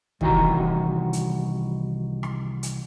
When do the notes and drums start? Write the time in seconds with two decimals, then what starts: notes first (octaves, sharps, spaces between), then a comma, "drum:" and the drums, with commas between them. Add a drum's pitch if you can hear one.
0.21 C2 D#3 E3 F#4 G5 A#5, drum: kick
1.13 drum: hi-hat
2.23 drum: rim click
2.63 drum: hi-hat